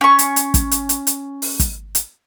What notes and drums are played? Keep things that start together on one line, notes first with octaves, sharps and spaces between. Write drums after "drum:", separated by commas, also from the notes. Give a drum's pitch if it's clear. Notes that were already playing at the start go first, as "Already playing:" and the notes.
C#4 C#6
drum: hi-hat
drum: hi-hat
drum: kick, hi-hat
drum: hi-hat
drum: hi-hat
drum: hi-hat
drum: open hi-hat
drum: kick, hi-hat
drum: hi-hat